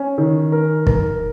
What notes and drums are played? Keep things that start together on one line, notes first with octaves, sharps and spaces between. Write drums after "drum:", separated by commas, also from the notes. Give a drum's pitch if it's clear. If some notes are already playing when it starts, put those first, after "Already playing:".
Already playing: C#4
D#3
A#4
A#4, drum: kick